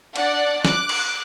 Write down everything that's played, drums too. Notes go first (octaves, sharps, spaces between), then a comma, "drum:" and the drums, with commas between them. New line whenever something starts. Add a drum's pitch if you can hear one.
D4 D5 F#5, drum: cymbal
D6 F#6, drum: snare
drum: cymbal